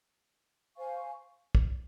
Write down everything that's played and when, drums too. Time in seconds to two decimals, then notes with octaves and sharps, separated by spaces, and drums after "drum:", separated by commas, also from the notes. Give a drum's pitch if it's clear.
0.77 C5 F5 G#5 C#6
1.55 drum: kick